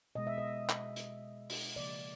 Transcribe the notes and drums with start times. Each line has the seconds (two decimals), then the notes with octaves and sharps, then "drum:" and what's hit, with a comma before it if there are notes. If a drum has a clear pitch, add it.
0.15 B2 G#3 D#5
0.27 E5
0.38 D#5
0.70 drum: clap
0.96 drum: hi-hat
1.50 drum: open hi-hat
1.76 C#3 F3 A#3 D5